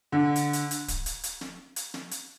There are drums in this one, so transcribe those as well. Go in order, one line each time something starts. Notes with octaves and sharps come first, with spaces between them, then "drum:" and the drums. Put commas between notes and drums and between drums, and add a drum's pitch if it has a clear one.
D3
drum: hi-hat
drum: hi-hat
drum: hi-hat
drum: kick D1, hi-hat
drum: hi-hat
drum: hi-hat
drum: snare
drum: hi-hat
drum: snare
drum: hi-hat